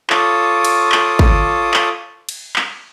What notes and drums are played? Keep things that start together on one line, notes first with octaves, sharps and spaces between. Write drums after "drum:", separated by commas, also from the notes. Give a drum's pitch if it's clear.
F4 A4 C#5 D6 D#6, drum: clap
drum: cymbal
drum: clap
drum: kick
drum: clap
drum: cymbal
drum: clap